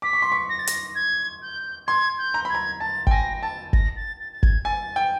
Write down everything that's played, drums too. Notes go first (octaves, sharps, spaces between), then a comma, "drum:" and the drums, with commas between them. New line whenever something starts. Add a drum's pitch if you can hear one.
D6 B6
C#6
C6
C#6
A#6
A6
A#6, drum: hi-hat
G#6
G6
C6 G#6
G6
A#5
B5 G#6
A#5
A5 A6
G5, drum: kick G#1
G#5 A#6
A5 A6
A#6, drum: kick G#1
A6
A6
A6
G#6, drum: kick G#1
G#5 A6
G5